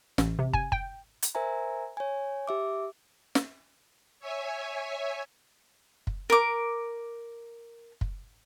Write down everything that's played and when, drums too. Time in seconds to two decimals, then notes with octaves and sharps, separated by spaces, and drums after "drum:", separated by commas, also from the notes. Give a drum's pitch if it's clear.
0.18 A1, drum: snare
0.39 C3
0.53 G#5, drum: kick
0.72 G5, drum: kick
1.22 drum: hi-hat
1.35 A#4 C5 E5 G#5 A#5
1.97 C#5 G#5
2.48 G4 E5 D6
3.35 drum: snare
4.19 C#5 E5 G#5
6.07 drum: kick
6.30 A#4 D6
8.01 drum: kick